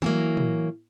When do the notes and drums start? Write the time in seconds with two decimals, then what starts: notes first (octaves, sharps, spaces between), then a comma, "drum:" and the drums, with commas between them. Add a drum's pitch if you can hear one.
0.02 E3 F#3 A#3, drum: tom
0.37 drum: tom